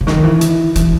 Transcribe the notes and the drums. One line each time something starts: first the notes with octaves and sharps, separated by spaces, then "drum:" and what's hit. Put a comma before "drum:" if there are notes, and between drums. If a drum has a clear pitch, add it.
C#3
D#3, drum: snare
E3
drum: hi-hat
E3, drum: hi-hat